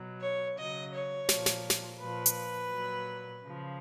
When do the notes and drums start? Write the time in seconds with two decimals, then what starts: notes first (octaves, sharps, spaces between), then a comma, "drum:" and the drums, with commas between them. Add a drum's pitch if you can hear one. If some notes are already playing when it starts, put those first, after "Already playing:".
Already playing: B2 F#3
0.21 C#5
0.57 C#3 F#3 D#5
0.94 C#5
1.29 A#2 F3, drum: snare
1.46 drum: snare
1.70 drum: snare
2.00 A#2 F3 B4
2.26 drum: hi-hat
2.71 A#2 F#3
3.43 C#3 F3